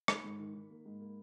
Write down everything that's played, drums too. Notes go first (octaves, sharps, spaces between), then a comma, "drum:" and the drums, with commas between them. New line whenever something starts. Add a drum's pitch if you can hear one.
D#3 B5, drum: rim click
G#2
D#3
D#3
A#3
G#2
A#3